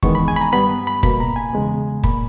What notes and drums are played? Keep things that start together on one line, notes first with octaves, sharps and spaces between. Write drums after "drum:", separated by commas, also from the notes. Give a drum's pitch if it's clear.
E2 D#3 G#3 B3 C#6, drum: kick
B5
G#5
B5
A#5
G2 G3 B3 B5
B5
B2 A#3 B5, drum: kick
A#5
G#5
E2 C#3 G#3 B3
A#2 A#3 B5, drum: kick